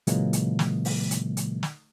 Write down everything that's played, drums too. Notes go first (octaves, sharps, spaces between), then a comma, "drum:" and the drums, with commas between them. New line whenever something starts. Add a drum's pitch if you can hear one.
A#2 C#3 E3 F#3 G#3 A#3, drum: hi-hat
drum: hi-hat
drum: snare
drum: open hi-hat
drum: hi-hat
drum: hi-hat
drum: snare